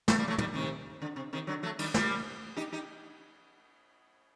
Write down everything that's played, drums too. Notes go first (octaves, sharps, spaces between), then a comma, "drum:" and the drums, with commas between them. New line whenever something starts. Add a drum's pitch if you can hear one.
A3, drum: snare
G3 A#3
F#3 A3
D#3 G3, drum: tom
C3 D#3
D3
C3
C3 D#3
D3 F#3
F#3 A3
D#3 G3, drum: cymbal
G3 A#3, drum: snare
D#4 G4
D#4 G4